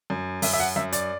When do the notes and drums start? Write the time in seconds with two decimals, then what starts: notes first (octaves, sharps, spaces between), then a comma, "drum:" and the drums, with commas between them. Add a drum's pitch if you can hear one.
0.10 F#2
0.42 F#2 E5, drum: open hi-hat
0.53 E5
0.60 F#5
0.76 F#2 E5
0.92 D5, drum: hi-hat